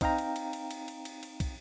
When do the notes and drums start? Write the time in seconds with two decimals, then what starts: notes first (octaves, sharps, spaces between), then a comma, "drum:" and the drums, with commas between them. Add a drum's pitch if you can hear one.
0.01 C4 D#4 F5 G5 A#5, drum: kick, cymbal
0.18 drum: cymbal
0.36 drum: cymbal
0.53 drum: cymbal
0.71 drum: cymbal
0.88 drum: cymbal
1.05 drum: cymbal
1.23 drum: cymbal
1.40 drum: kick, cymbal